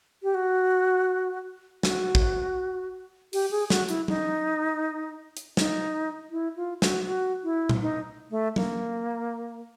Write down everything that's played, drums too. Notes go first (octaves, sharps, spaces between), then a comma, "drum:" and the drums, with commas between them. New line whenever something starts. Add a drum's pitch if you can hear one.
G4
F#4
F#4, drum: snare
drum: kick
G4, drum: open hi-hat
G#4
F#4, drum: snare
E4, drum: hi-hat
D#4, drum: tom F#3
drum: hi-hat
D#4, drum: snare
E4
F4
F#4, drum: snare
F#4
E4
drum: tom A#2
D#4
A3
A#3, drum: tom F#3